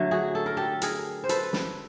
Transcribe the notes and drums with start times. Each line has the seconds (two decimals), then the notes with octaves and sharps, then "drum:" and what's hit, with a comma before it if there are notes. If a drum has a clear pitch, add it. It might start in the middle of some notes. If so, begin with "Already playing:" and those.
Already playing: D3 F#3 A3
0.11 F#4 G#4
0.35 A4
0.46 A#4
0.57 G4 A4
0.82 G#4 A#4, drum: hi-hat
1.24 C5
1.29 A4 B4, drum: hi-hat
1.53 drum: snare